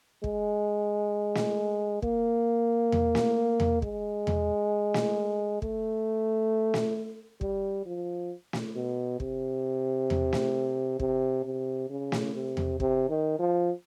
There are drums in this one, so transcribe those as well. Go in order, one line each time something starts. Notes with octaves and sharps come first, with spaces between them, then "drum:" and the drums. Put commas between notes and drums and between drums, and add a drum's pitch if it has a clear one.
G#3, drum: kick
drum: snare
A#3, drum: kick
drum: tom E2
drum: snare
drum: tom E2
G#3, drum: kick
drum: tom E2
drum: snare
A3, drum: kick
drum: snare
G3, drum: kick
F3
drum: snare
B2
C3, drum: kick
drum: tom E2
drum: snare
C3, drum: kick
C3
C#3
drum: snare
C3
drum: tom E2
C3, drum: kick
D#3
F3